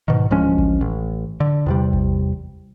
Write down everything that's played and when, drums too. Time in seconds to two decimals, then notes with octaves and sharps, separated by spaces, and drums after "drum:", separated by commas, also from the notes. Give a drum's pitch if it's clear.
0.08 G#2 B2 D#3
0.31 D1 F3 G#3 C#4
0.59 drum: kick A1
0.81 A1
1.40 D3
1.66 E2 C3 G3
1.93 drum: kick A1